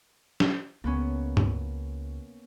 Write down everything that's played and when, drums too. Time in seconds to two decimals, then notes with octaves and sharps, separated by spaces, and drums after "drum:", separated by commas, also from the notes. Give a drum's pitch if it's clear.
0.40 drum: snare
0.84 C#2 A#3 B3 C#4
1.37 drum: tom